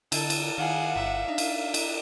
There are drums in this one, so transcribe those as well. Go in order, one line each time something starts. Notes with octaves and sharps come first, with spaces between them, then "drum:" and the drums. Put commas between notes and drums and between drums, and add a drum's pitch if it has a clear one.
D3 A4, drum: cymbal
drum: cymbal
D#3 G#4 F5 F#5
G1 E5
D4 D#4
drum: cymbal
drum: cymbal